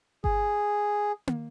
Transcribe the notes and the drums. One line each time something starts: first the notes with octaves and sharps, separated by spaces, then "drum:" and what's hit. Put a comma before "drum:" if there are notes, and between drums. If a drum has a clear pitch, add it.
G#4, drum: kick G1
drum: tom